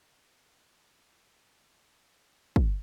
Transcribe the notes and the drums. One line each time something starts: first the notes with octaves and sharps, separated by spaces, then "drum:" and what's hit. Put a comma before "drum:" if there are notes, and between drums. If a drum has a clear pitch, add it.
C4 E4 F#6
drum: kick